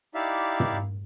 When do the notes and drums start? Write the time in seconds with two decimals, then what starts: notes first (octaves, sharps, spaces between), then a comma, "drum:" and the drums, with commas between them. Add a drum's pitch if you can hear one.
0.15 D#4 E4 G4 D5 E5 F5
0.60 drum: tom